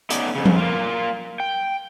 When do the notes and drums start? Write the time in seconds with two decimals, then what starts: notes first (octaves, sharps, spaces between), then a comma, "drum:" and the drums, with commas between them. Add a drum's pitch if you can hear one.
0.10 A3 B3 C#4 D#4 D5, drum: hi-hat
0.35 F2 C#3
0.45 drum: tom F3
0.56 A#3 F4
1.40 G5